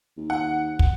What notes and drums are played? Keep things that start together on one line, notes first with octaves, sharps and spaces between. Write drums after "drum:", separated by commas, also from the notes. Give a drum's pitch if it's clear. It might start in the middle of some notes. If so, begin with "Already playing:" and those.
D#2
F#5
drum: kick